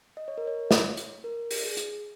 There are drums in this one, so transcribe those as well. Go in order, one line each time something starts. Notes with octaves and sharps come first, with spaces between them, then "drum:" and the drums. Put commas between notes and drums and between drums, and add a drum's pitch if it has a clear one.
D#5
C#5
A#4
C#5
drum: snare
drum: hi-hat
A#4
drum: open hi-hat
G#4
drum: hi-hat